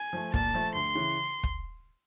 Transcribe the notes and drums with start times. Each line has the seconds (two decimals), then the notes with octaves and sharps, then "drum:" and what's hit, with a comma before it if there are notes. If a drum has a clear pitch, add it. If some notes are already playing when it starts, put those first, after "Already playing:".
Already playing: G#5
0.13 F3 A3
0.34 A#2 A5, drum: kick
0.54 F3 A3
0.74 D2 C6
0.95 C#3 E3
1.43 drum: kick